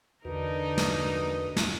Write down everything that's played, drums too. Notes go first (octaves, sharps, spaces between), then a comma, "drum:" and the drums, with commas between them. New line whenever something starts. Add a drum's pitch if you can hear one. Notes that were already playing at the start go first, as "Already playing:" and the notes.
E2 D3 D#4 F#4 A#4 B4
drum: snare
drum: snare